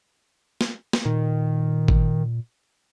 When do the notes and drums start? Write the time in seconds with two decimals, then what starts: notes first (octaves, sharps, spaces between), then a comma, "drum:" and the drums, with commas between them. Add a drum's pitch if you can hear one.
0.61 drum: snare
0.93 drum: snare
1.05 A#2 D#3
1.88 drum: kick G#1